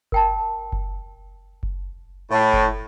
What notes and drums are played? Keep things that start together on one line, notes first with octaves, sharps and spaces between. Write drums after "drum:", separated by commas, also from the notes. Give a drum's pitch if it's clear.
A#4 G5 A5, drum: kick F#1
drum: kick F#1
drum: kick F#1
A2
drum: kick F#1